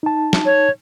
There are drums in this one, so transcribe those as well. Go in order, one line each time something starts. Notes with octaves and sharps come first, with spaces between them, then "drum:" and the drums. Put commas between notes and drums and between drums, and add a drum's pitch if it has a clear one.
D#4 A5
drum: snare
C#5